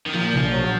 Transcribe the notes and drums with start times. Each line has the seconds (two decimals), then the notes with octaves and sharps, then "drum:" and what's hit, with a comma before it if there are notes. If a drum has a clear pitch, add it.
0.07 D#3
0.13 A#2 F3
0.33 A#1, drum: tom B2
0.52 F#3